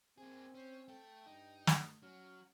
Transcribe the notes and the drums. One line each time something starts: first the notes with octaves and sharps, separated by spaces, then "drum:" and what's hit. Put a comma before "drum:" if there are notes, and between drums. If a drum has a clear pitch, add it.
A#3 C4 G#4 G#5
C#4 C5
A3 A4 G5
G2 D#4
drum: snare
F#3 C#4 F6